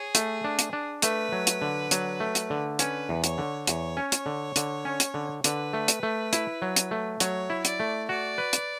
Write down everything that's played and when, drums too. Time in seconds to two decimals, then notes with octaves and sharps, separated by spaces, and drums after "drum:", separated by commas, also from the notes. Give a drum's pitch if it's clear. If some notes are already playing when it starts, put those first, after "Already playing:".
Already playing: G#4 C#5
0.15 A3, drum: hi-hat
0.44 D4
0.59 drum: hi-hat
0.73 D4
1.02 A3 B4, drum: hi-hat
1.32 F#3
1.47 drum: hi-hat
1.62 D3
1.91 F#3, drum: hi-hat
2.20 A3
2.35 drum: hi-hat
2.50 D3
2.79 C#4 B4, drum: hi-hat
3.09 E2
3.24 C#5, drum: hi-hat
3.38 D3
3.67 E2 C#5, drum: hi-hat
3.97 C#4
4.12 C#5, drum: hi-hat
4.26 D3
4.56 D3, drum: hi-hat
4.85 C#4
5.00 drum: hi-hat
5.14 D3
5.44 D3 B4, drum: hi-hat
5.73 A3
5.88 drum: hi-hat
6.03 A3
6.33 E4, drum: hi-hat
6.62 F#3
6.76 drum: hi-hat
6.91 A3
7.20 F#3 C#5, drum: hi-hat
7.50 E4
7.65 D5, drum: hi-hat
7.80 A3
8.09 F#4 D5
8.38 B4
8.53 drum: hi-hat